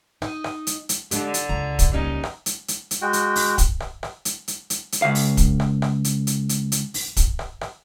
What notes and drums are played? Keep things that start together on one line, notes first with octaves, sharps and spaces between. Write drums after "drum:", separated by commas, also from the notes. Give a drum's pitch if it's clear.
D#4 D#5, drum: rim click
drum: rim click
drum: hi-hat
drum: hi-hat
D3 G#3 D4 G4, drum: hi-hat
drum: hi-hat
C#2 A#5
drum: kick, hi-hat
G3 A#3 C#4 D#4
drum: rim click
drum: hi-hat
drum: hi-hat
drum: hi-hat
G#3 F#4 G5
drum: hi-hat
drum: open hi-hat
drum: kick, hi-hat
drum: rim click
drum: rim click
drum: hi-hat
drum: hi-hat
drum: hi-hat
drum: hi-hat
C#2 F5
drum: open hi-hat
drum: kick, hi-hat
drum: rim click
drum: rim click
drum: hi-hat
drum: hi-hat
drum: hi-hat
drum: hi-hat
drum: open hi-hat
drum: kick, hi-hat
drum: rim click
drum: rim click